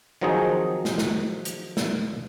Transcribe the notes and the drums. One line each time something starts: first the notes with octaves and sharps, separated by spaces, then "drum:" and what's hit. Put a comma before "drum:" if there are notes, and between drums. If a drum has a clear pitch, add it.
D#3 F3 F#3 C4 D#4 G#4
drum: snare
drum: snare
drum: hi-hat
drum: snare